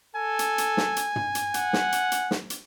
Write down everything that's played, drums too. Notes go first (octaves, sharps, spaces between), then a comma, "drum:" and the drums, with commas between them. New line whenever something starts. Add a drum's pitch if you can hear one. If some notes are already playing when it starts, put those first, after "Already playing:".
A4 G#5
drum: hi-hat
drum: hi-hat
drum: snare
drum: hi-hat
drum: tom
drum: hi-hat
F#5, drum: hi-hat
drum: snare
drum: hi-hat
drum: hi-hat
drum: snare
drum: hi-hat